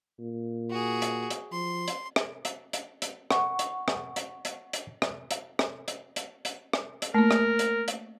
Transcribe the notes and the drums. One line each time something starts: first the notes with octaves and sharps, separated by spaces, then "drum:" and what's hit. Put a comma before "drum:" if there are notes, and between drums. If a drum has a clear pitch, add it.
A#2
F#4 G#4
drum: hi-hat
drum: hi-hat
F3 C6
drum: hi-hat
drum: rim click
drum: hi-hat
drum: hi-hat
drum: hi-hat
F#5 C#6, drum: rim click
drum: hi-hat
drum: rim click
drum: hi-hat
drum: hi-hat
drum: hi-hat
drum: rim click
drum: hi-hat
drum: rim click
drum: hi-hat
drum: hi-hat
drum: hi-hat
drum: rim click
drum: hi-hat
A3 A#3 A#4
drum: rim click
drum: hi-hat
drum: hi-hat